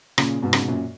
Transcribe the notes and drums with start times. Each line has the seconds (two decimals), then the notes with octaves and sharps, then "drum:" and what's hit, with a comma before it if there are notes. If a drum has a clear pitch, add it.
0.18 A#2 C#3, drum: rim click
0.42 G#2 B2
0.53 C#3, drum: rim click
0.61 B2
0.68 F#2 A#2